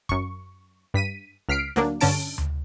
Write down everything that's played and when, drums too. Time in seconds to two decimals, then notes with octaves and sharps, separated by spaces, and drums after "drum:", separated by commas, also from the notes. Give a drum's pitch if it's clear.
0.09 F#2 C#6, drum: kick
0.94 G2 B6 D#7
1.49 C#2 F6 B6 C7 D7
1.76 D2 F#3 A#3 D4, drum: snare
2.00 G2 D3 C#4 A5 D7, drum: open hi-hat
2.38 drum: tom D2